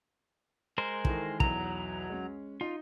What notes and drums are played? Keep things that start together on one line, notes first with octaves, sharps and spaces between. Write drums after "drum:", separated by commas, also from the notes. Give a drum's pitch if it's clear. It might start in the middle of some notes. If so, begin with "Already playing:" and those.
G#3 A#4 C5
D#3 E3 A4, drum: kick
B1 E2 F#3 A#5, drum: kick
G#3 C#4
D#4 F4